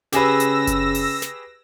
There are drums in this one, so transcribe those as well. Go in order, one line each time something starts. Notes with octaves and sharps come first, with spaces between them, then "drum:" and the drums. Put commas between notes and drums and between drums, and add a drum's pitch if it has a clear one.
C#3 G4 G#4 B4 E6 A#6, drum: snare
drum: hi-hat
drum: kick F#1, hi-hat
drum: open hi-hat
drum: snare